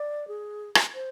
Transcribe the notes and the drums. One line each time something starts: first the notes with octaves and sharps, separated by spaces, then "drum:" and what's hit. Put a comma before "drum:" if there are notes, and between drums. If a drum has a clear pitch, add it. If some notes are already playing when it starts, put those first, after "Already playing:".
Already playing: D5
G#4
drum: rim click
C5